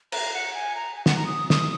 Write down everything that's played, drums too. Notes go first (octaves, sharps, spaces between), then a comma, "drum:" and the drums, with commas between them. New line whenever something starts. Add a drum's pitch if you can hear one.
A#5, drum: cymbal
F#5
G#5
A#5
G#5
F#5, drum: snare
A#5
D#6
drum: snare